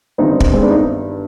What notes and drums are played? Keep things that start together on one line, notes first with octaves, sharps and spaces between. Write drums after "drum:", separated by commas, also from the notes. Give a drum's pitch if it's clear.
G1 G2 D#3 C4 D#4
drum: kick
G#3 C4
B3 D4
C4 D#4